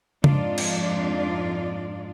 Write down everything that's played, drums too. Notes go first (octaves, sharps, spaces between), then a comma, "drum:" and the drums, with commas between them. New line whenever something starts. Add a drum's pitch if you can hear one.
F2 G#2 D4 D#4 F4 D5, drum: tom C#3
drum: cymbal